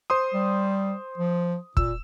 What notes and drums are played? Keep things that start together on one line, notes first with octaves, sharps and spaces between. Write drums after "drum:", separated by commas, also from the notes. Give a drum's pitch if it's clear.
C5 C6 D#6
G3
F3
A#2 E6, drum: kick